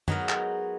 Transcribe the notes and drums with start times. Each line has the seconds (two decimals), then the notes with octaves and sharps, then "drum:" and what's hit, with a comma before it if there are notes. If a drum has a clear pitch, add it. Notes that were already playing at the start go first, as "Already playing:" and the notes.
0.08 F#3 G#3 B3 D#4 A#4, drum: tom F#2
0.29 drum: clap